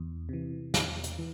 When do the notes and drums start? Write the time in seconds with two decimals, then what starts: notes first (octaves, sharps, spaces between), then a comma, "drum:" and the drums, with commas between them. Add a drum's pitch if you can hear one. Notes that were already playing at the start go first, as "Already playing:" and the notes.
Already playing: E2
0.29 C3 E3
0.74 E2, drum: snare
1.04 drum: hi-hat
1.18 E3